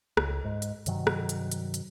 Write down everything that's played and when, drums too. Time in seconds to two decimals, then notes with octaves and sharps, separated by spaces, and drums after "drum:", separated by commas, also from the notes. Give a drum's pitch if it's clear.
0.17 C#2, drum: rim click
0.45 G#2
0.62 drum: hi-hat
0.86 G2 C3 D#3 F#3, drum: hi-hat
1.07 drum: rim click
1.29 drum: hi-hat
1.52 drum: hi-hat
1.74 drum: hi-hat